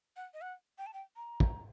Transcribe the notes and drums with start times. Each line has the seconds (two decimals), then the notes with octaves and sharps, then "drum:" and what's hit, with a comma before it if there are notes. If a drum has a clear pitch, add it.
0.16 F#5
0.34 D#5
0.41 F#5
0.78 G5
0.86 A5
0.94 G5
1.16 A#5
1.40 drum: kick